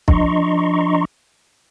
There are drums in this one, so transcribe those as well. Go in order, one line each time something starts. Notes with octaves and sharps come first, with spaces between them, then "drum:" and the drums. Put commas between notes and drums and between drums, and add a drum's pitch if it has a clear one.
F3 D4 D#5 A#5 C6 C#6, drum: kick